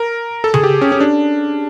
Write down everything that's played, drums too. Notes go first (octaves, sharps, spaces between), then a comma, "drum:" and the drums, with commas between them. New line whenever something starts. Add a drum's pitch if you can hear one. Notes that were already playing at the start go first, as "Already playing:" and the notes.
Already playing: A#4
A4
G#4, drum: tom C#3
G4
C#4
C#4
D4